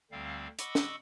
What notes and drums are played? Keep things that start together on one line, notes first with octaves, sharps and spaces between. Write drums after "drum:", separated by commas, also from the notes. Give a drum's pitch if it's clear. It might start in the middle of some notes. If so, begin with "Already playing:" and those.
D2 D3 G3 C4 F5
D#5 F#5 B5 C#6 D6 E6, drum: hi-hat
drum: snare